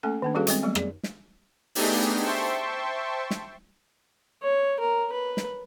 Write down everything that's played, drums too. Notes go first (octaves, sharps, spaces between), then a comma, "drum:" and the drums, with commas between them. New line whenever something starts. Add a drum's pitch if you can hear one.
A3 A#3 C#4 A4 G#5
D#3 A#3 D4
G3 C#4 F#4 G#4 A4 F5
G3 G#3 C4, drum: hi-hat
F#3 G3 A3 B3
G#4 D5, drum: rim click
drum: snare
A3 B3 D4 D#4 G4 G#4, drum: open hi-hat
C5 E5 G5 A5 C6 C#6
drum: snare
C#5
A#4
B4
drum: snare